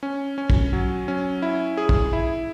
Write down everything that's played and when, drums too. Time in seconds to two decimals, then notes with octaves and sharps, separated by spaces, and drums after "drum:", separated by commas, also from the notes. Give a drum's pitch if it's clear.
0.03 C#4
0.38 C#4
0.50 drum: kick
0.73 F#3
1.08 C#4
1.42 E4
1.77 G#4
1.89 drum: kick
2.13 E4